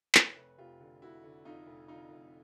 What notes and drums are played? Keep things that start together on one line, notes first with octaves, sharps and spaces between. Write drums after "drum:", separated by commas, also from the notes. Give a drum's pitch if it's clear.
F1 B4 C#5, drum: clap
F1
F1 F4 G4
D3
F1 E4 F#4
D3
F2 D#4 F4
F1
D3 D#4 F4
F1